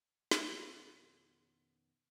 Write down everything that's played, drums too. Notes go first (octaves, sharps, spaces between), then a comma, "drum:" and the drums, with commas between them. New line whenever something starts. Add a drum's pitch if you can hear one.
F2 B2 D#3 B3 C#4, drum: snare